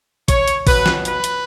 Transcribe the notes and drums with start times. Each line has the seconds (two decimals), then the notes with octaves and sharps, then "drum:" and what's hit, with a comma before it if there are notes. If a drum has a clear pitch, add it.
0.28 C#5, drum: kick A1, hi-hat
0.48 drum: hi-hat
0.67 B2 F#3 B4, drum: kick A1, open hi-hat
0.86 drum: snare
1.05 B4, drum: hi-hat
1.24 drum: hi-hat